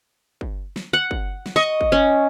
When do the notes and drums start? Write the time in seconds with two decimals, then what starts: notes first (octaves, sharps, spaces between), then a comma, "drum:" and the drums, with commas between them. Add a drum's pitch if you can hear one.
0.41 drum: kick
0.76 drum: snare
0.93 F#5
1.11 drum: kick
1.46 drum: snare
1.56 D#5 C#6
1.81 drum: kick
1.92 C#4